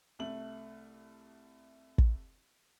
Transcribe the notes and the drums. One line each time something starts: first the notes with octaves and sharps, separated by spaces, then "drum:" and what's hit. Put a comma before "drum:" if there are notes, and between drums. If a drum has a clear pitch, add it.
C2 A3 F#7
drum: kick